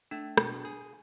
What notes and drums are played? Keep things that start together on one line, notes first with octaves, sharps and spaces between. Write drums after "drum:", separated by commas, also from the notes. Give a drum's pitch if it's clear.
A3 D4
B2, drum: rim click
G#4